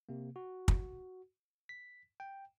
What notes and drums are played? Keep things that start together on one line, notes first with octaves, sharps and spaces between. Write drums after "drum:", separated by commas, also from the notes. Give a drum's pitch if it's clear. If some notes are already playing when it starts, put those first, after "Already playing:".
C3 A#3
F#4
drum: kick
B6
G5